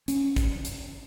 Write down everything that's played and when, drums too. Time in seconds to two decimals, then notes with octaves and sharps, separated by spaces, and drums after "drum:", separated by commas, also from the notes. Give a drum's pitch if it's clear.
0.08 C#4, drum: hi-hat
0.36 drum: kick, hi-hat
0.65 drum: hi-hat